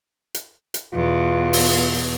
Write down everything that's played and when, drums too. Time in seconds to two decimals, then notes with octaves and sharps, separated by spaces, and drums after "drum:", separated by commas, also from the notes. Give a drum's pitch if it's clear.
0.34 drum: hi-hat
0.74 drum: hi-hat
0.94 E2 B2 F4
1.53 drum: open hi-hat